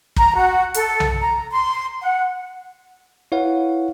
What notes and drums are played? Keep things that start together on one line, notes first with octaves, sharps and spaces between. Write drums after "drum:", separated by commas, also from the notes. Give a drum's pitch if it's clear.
A#5, drum: kick
F#4
A4, drum: hi-hat
drum: tom B1
A#5
C6
F#5
E4 B4 C#5 F5 F#5